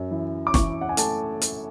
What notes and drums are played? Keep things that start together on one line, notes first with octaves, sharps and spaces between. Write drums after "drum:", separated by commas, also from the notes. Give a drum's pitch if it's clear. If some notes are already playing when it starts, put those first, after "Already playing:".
Already playing: F#2
E3
D6
E3 C#6, drum: snare
F#5
G#5
A3 A5, drum: hi-hat
A3, drum: hi-hat